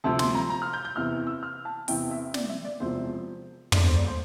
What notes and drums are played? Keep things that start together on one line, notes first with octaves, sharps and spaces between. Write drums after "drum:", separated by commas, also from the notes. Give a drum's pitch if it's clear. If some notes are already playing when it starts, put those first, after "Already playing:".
D2 C3 F3 A5
C6, drum: snare
A#5
A#5
F6
G6
G6
E2 C3 E3 F6
E6
F6
A5
E2 C3 E3 G5, drum: open hi-hat
E5
D5, drum: snare
E5
D5
E1 E2 C3 F3 C5
E1 D2 D3 D5, drum: tom
C5
D5
C5